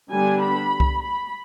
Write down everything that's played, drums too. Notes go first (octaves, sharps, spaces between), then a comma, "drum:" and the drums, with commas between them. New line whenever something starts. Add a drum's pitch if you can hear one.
D3 G3 B3 D4 G#5
B5
drum: kick C2
B5